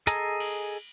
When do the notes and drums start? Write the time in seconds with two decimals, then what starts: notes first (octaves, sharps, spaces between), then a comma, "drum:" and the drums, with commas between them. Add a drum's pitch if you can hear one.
0.07 G#4 A4 D#5 G#5 A#5, drum: hi-hat
0.40 drum: cymbal